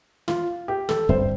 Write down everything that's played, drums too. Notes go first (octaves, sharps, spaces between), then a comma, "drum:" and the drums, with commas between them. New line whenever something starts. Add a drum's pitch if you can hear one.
F4, drum: snare
G4
A4, drum: snare
G2 D3 G3 C4 C5, drum: kick